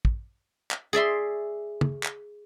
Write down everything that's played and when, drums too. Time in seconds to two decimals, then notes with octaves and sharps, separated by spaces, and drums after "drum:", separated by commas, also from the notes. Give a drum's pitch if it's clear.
0.05 drum: kick
0.71 drum: clap
0.93 G#4 D5 E5 C6
1.81 drum: tom
2.03 drum: clap